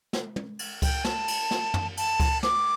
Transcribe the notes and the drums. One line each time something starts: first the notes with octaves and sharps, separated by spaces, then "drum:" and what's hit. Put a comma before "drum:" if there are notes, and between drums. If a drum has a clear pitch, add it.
drum: snare
drum: tom
drum: cymbal
G5, drum: kick C#2, cymbal
A5, drum: snare
drum: cymbal
drum: snare
drum: tom
A5, drum: cymbal
drum: kick C#2, cymbal
D6, drum: snare